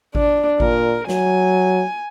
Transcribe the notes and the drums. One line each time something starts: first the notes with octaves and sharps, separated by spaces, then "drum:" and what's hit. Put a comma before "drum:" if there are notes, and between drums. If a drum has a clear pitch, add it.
D4, drum: kick G#1
A#2 A#4, drum: kick G#1
F#3 G#5, drum: snare